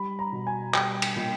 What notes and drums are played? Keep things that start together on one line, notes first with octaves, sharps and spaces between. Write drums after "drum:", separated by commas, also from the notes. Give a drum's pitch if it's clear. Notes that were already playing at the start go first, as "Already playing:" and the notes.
Already playing: G3 B5
A#5
B2
G#5
G3 G5, drum: clap
drum: cymbal
A#2